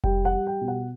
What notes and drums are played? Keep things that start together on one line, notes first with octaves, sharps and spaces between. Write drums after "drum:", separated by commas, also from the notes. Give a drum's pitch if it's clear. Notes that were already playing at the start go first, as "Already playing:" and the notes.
G3 G5, drum: kick F1
F#5
G3
G5
B2
F#5